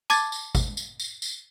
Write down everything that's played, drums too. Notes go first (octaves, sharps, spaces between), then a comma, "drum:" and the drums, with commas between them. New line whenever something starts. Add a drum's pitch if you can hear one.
A5 D6 G#6 A6, drum: tambourine
drum: tambourine
drum: kick, tambourine
drum: tambourine
drum: tambourine
drum: tambourine